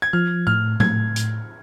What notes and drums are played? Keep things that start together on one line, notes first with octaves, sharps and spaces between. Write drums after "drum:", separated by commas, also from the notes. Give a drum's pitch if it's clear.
G#6
F3 F6
A2 F6
A2 G#6, drum: tom A2
drum: hi-hat